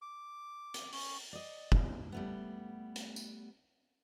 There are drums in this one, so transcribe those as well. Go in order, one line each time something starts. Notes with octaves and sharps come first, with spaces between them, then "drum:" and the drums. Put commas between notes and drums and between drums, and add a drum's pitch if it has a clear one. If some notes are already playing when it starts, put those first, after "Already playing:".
D6
drum: hi-hat
C#4, drum: open hi-hat
D5 D#5
drum: kick
G3 A3 B3
drum: hi-hat
drum: tambourine